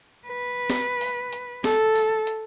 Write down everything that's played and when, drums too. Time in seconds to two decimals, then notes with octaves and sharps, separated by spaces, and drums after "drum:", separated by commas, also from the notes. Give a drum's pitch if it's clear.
0.27 B4
0.70 drum: snare
1.01 drum: open hi-hat
1.33 drum: hi-hat
1.64 A4, drum: snare
1.96 drum: open hi-hat
2.27 drum: hi-hat